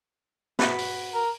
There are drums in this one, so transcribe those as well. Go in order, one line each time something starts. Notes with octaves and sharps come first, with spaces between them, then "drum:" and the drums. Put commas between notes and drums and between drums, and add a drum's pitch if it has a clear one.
F#4 B4, drum: snare
drum: open hi-hat
A#4